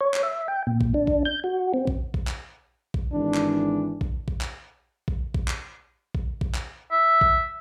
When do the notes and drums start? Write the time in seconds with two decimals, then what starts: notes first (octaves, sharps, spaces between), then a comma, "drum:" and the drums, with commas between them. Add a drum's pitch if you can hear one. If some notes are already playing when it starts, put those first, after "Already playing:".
0.01 C#5
0.14 drum: clap
0.23 E5
0.48 G5
0.67 A#2
0.81 drum: kick
0.94 D4
1.07 drum: kick
1.25 G6
1.44 F#4
1.74 C4
1.87 drum: kick
2.14 drum: kick
2.27 drum: clap
2.94 drum: kick
3.12 G#1 E3 D4
3.34 drum: clap
4.01 drum: kick
4.28 drum: kick
4.41 drum: clap
5.08 drum: kick
5.34 drum: kick
5.48 drum: clap
6.15 drum: kick
6.41 drum: kick
6.55 drum: clap
6.92 E5
7.21 drum: kick